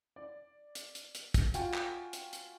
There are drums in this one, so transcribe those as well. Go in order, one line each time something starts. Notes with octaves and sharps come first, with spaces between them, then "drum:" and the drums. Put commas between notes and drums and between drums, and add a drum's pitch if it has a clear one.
D5
drum: hi-hat
drum: hi-hat
drum: hi-hat
drum: kick, hi-hat
F4 F#4 G5 G#5, drum: hi-hat
drum: clap
drum: hi-hat
drum: hi-hat